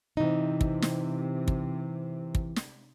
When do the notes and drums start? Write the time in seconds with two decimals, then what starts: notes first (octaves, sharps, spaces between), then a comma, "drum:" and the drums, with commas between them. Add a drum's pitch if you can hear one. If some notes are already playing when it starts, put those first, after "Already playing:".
0.17 C3 E3 D#4
0.61 drum: kick
0.82 drum: snare
1.48 drum: kick
2.35 drum: kick
2.56 drum: snare